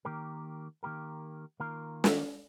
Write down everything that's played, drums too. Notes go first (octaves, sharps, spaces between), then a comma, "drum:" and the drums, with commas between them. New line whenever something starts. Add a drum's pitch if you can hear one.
D#3 A#3 G4 A#4
D#3 A#3 G4 A#4
D#3 A#3 F4 A#4
drum: snare